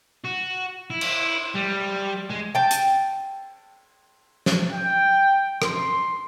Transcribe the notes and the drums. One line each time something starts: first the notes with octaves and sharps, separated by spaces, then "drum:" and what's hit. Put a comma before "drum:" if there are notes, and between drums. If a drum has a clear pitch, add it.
F#4
E4
drum: cymbal
G3
G#3
G5 A5
drum: hi-hat
drum: snare
G5
C6, drum: rim click